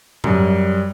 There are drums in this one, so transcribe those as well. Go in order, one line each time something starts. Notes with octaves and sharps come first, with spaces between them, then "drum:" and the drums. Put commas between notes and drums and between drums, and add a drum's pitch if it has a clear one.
F#2 G3, drum: tom G#2